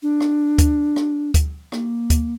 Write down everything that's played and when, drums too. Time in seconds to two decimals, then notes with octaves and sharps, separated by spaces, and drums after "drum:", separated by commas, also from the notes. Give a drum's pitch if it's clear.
0.02 D4
0.21 drum: rim click
0.58 drum: kick D2, hi-hat
0.96 drum: rim click
1.34 drum: kick D2, hi-hat
1.72 A#3, drum: rim click
2.10 drum: kick D2, hi-hat